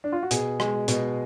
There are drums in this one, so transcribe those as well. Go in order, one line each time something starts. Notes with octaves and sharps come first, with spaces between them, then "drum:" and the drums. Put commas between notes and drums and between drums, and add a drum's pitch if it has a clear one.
D4
F4
F#4
B2 G#4, drum: hi-hat
G#3, drum: rim click
B2, drum: hi-hat